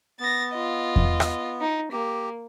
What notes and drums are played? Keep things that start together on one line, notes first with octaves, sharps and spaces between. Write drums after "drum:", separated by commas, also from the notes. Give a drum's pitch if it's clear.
B3 A6 A#6
F4 D#5
drum: kick E2
drum: rim click
D#4
A#3 G4